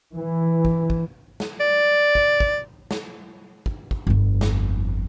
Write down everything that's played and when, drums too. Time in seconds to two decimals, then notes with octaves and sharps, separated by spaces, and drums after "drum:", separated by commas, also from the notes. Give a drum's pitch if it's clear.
0.15 E3
0.65 drum: kick
0.90 drum: kick
1.40 drum: snare
1.60 D5
2.15 drum: kick
2.40 drum: kick
2.91 drum: snare
3.66 drum: kick
3.91 drum: kick
4.07 G1 F2
4.41 drum: snare